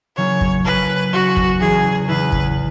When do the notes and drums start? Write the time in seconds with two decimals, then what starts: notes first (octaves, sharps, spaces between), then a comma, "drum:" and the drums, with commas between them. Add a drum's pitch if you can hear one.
0.17 C#3 F#3 A#3 E4 C#5
0.41 drum: kick
0.65 C#3 F#3 A#3 E4 B4
1.13 C#3 F#3 A#3 E4 F#4
1.37 drum: kick
1.60 E2 C#3 E3 B3 E4 G#4
2.09 E2 C#3 E3 B3 E4 B4
2.32 drum: kick